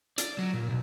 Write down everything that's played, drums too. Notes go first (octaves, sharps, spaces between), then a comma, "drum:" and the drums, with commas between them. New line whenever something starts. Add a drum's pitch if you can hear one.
D5, drum: hi-hat
F#3
A#2
B1